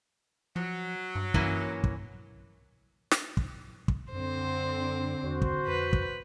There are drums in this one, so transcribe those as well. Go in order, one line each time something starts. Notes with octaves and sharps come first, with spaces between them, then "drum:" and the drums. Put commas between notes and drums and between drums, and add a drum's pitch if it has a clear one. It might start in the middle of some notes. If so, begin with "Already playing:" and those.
F3 F#3
G2
G2 E3 A#3 C#4, drum: kick
drum: kick
drum: snare
drum: kick
drum: kick
F#2 D3 C4 C5
E2 F#4 C5
drum: kick
F2 B4 B5
drum: kick